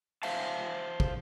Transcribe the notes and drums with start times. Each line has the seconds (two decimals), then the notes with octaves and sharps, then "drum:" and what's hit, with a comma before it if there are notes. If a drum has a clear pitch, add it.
0.23 C5 E5 F5 A5, drum: cymbal
1.00 drum: kick